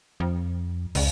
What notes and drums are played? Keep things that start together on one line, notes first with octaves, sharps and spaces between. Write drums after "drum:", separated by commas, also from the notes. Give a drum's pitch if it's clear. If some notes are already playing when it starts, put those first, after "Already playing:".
F2
C#2, drum: open hi-hat